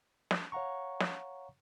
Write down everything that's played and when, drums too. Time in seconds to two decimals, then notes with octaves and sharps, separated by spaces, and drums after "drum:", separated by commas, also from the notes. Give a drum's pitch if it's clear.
0.31 drum: snare
0.52 C#5 F5 F#5 A#5 C#6
1.00 drum: snare